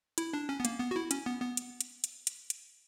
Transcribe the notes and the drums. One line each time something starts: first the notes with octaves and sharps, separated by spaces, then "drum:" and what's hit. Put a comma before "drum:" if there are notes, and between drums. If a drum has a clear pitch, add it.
E4, drum: hi-hat
D4
C#4
B3
A#3, drum: hi-hat
B3
F#4
E4
C#4, drum: hi-hat
B3
B3
drum: hi-hat
drum: hi-hat
drum: hi-hat
drum: hi-hat
drum: hi-hat